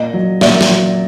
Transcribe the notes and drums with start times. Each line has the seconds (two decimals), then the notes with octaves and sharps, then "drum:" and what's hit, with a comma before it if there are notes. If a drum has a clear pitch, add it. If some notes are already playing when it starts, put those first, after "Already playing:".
Already playing: A#2 D#5
0.14 F#3
0.41 A#2 D5 E5, drum: snare
0.61 drum: snare
0.70 F#3